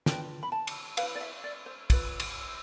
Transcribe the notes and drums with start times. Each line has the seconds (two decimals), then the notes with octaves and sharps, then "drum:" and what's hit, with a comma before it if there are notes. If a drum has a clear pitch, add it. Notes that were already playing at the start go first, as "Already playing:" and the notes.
0.06 D4 F4 B4 G5, drum: snare
0.43 B5
0.52 A5
0.67 drum: cymbal
0.97 B4 F5, drum: cymbal
1.03 E4
1.15 D5
1.21 E5
1.44 D5
1.66 C5
1.90 F4 B4, drum: kick, cymbal
2.20 drum: cymbal